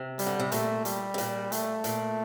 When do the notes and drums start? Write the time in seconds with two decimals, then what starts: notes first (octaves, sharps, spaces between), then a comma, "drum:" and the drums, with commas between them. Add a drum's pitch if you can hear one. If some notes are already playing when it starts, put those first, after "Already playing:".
Already playing: C3
0.19 G3, drum: hi-hat
0.26 D3
0.40 C3
0.52 A#2 A3, drum: hi-hat
0.85 G3, drum: hi-hat
1.14 C3
1.18 A#2, drum: hi-hat
1.52 A3, drum: hi-hat
1.84 A#2, drum: hi-hat